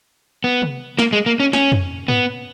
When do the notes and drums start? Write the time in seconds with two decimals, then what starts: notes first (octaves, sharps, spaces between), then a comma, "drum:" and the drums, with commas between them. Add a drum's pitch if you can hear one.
0.44 B3
0.62 drum: tom C3
0.99 A#3, drum: snare
1.13 G#3
1.26 A#3
1.40 C#4
1.53 C#4, drum: snare
1.72 drum: tom F2
2.08 B3, drum: tom G#2